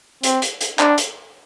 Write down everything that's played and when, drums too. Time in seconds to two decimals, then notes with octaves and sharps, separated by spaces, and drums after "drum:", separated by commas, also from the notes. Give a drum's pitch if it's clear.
0.23 C4, drum: hi-hat
0.42 drum: hi-hat
0.61 drum: hi-hat
0.79 D4, drum: clap
0.98 drum: hi-hat